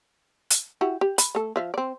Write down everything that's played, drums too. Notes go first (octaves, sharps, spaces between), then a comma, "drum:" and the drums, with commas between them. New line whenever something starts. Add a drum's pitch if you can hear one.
drum: hi-hat
E4 F#4 G4
G4
B5, drum: hi-hat
A3 A4
F3 E5 F5
C4 D5